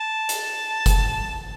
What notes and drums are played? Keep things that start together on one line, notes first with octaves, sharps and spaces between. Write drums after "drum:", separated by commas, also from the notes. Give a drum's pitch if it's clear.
A5
drum: hi-hat
drum: kick, hi-hat